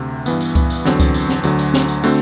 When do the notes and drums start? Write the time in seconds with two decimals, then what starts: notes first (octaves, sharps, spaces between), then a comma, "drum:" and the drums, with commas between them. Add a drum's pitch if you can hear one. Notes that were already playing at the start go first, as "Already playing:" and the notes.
Already playing: D2 C3
0.26 G2 E3 B3, drum: tambourine
0.41 drum: tambourine
0.55 drum: kick C#2, tambourine
0.70 drum: tambourine
0.85 E2 D3 F#3 C4, drum: snare
1.00 drum: kick C#2, tambourine
1.14 drum: tambourine
1.29 drum: snare
1.43 D2 D3 F#3, drum: tambourine
1.59 drum: tambourine
1.74 drum: snare
1.88 drum: tambourine
2.04 D3 A3 C4 F#4, drum: tambourine